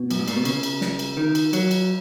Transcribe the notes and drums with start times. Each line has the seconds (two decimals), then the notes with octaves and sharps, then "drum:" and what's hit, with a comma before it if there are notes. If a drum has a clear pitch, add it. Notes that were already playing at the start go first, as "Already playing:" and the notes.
Already playing: B2
0.11 F#2, drum: cymbal
0.19 G#2
0.28 A#2, drum: cymbal
0.36 B2
0.45 C#3, drum: cymbal
0.63 drum: cymbal
0.81 drum: snare
0.99 drum: cymbal
1.17 D#3
1.35 drum: cymbal
1.53 F#3, drum: cymbal
1.71 drum: cymbal